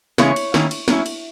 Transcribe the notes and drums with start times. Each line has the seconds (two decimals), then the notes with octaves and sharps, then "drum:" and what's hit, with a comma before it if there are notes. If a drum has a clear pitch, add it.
0.18 C#3 E3 G#3 C#4 E4 C#5, drum: snare
0.36 drum: cymbal
0.54 D#3 A#3 C#4 E4, drum: snare
0.71 drum: cymbal
0.88 F#3 C#4 E4, drum: snare
1.06 drum: cymbal